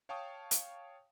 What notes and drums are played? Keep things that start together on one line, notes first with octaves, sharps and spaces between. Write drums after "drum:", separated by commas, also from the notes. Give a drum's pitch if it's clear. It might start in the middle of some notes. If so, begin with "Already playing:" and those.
C#5 F5 G5 A5 C#6 D#6
drum: hi-hat